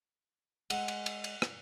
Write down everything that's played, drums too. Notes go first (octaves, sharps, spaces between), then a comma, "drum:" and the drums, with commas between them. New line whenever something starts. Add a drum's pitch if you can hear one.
G#3 F#5, drum: cymbal
drum: cymbal
drum: cymbal
drum: cymbal
drum: rim click